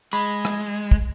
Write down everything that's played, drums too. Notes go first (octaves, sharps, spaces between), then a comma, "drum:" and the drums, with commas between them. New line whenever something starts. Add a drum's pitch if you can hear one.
G#3 B5
drum: rim click
drum: kick